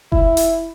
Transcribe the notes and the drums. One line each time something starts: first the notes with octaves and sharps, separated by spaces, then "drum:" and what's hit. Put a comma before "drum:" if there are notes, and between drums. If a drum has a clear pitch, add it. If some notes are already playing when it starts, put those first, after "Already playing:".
E4, drum: kick F1
drum: hi-hat